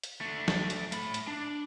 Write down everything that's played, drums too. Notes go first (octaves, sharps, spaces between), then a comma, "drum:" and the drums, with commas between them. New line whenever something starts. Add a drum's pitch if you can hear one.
drum: hi-hat
A3 D4
drum: snare
drum: hi-hat
A3 B5, drum: hi-hat
drum: hi-hat
D4